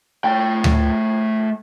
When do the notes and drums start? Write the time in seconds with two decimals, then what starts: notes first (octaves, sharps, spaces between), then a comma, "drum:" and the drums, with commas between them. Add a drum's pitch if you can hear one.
0.24 A3 G5
0.64 drum: tom D2